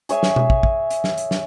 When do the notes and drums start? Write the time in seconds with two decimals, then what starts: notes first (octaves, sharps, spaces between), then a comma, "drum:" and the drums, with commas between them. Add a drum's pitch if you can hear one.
0.09 G#4 C#5 E5 G#5, drum: hi-hat
0.23 drum: snare
0.36 drum: tom B2
0.50 drum: kick
0.63 drum: kick
0.90 drum: hi-hat
1.04 drum: snare
1.17 drum: hi-hat
1.31 drum: snare